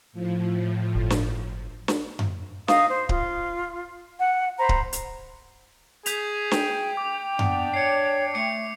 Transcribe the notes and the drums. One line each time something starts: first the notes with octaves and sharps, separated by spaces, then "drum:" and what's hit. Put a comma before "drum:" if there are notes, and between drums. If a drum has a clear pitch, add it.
A2 F3
G1
drum: snare
drum: snare
drum: tom F#2
D#4 F5 D#6, drum: snare
C5
F4, drum: kick D1
F#5
C5 A#5 B5
drum: kick D1
drum: hi-hat
G#4 G6 B6 F7, drum: hi-hat
G5, drum: snare
D6
B3 D4, drum: tom F#2
C#5 C7 C#7
A3 D6 C#7